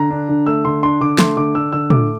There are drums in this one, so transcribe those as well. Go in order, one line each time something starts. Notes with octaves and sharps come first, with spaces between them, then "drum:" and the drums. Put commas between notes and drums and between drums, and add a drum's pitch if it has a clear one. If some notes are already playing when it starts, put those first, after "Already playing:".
Already playing: D3 A#5
D4
D3
A3 E6
D3 C6
D4 C6
D3 D6
A3 C6, drum: snare
D3 D6
D4 E6
D3 E6
A3 D6, drum: tom